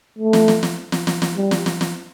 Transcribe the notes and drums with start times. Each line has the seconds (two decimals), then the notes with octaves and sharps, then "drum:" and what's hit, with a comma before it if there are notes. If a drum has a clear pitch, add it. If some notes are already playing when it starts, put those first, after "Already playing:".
0.19 A3
0.33 drum: snare
0.48 drum: snare
0.63 drum: snare
0.92 drum: snare
1.07 drum: snare
1.22 drum: snare
1.36 G3
1.51 drum: snare
1.66 drum: snare
1.81 drum: snare